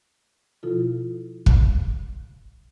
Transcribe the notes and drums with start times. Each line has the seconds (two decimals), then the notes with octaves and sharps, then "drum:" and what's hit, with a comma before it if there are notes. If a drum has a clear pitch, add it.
0.63 B2 F3 E4 F4 A4
1.46 drum: kick